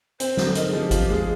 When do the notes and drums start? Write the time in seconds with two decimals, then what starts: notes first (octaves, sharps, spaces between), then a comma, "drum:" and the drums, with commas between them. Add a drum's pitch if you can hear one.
0.20 C4 C5, drum: hi-hat
0.37 D3, drum: snare
0.55 D#4 A#4, drum: hi-hat
0.67 G#4
0.73 F3
0.79 G4
0.91 F4 G4, drum: kick G#1, hi-hat
1.09 G#3 G#4